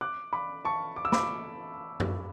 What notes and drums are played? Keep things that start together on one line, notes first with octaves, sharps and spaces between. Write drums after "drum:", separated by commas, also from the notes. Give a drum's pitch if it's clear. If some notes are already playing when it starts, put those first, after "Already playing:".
D6 F#6
B5 D6
A5 C#6
D6
E6
B5 D6, drum: snare
drum: tom